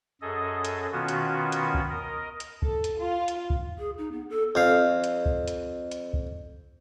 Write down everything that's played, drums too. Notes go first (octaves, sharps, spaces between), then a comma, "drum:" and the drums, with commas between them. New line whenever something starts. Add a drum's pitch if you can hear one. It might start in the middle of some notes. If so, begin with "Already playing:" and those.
F#2 G#4 A4 D#5
drum: hi-hat
B2 D#3 B3 C#4 F4 F#4
drum: hi-hat
drum: hi-hat
drum: kick C#2
A#4 D#5
drum: hi-hat
A4, drum: kick C#2
drum: hi-hat
F4
drum: hi-hat
drum: kick C#2
G#4
D#4
B3
A4
F2 F5
drum: hi-hat
drum: kick C#2
drum: hi-hat
drum: hi-hat
drum: kick C#2